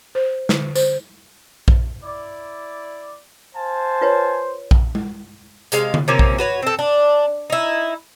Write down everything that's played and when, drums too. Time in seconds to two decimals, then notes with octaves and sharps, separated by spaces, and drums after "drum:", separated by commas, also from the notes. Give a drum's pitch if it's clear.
0.15 C5
0.49 D3, drum: snare
0.75 C5, drum: tambourine
1.68 drum: kick A#1
2.03 E4 D5
3.55 C5 F5 G#5 A5
4.01 F4 B4 C#5
4.71 drum: kick A#1
4.95 drum: tom G#3
5.72 C3 G#3 F5, drum: hi-hat
5.94 drum: tom D3
6.08 C3 F3 A#3 C#4
6.19 drum: kick A#1
6.38 F#4 B4 C#5
6.62 C4 A4
6.79 D4
7.50 D#4 E4